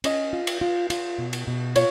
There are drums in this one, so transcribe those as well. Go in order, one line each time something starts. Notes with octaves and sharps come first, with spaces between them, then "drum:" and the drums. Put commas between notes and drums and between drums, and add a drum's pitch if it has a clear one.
C#4 D#5, drum: cymbal
F4
drum: cymbal
F4
F4, drum: cymbal
B2
drum: cymbal
B2
F4 C#5, drum: cymbal